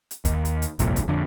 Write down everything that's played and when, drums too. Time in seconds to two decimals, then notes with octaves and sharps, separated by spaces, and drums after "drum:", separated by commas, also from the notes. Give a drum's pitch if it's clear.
0.11 drum: hi-hat
0.25 D#2, drum: kick, hi-hat
0.45 drum: hi-hat
0.62 drum: hi-hat
0.79 G1 C2 F2 A#2, drum: hi-hat
0.96 drum: kick, hi-hat
1.08 F2 D3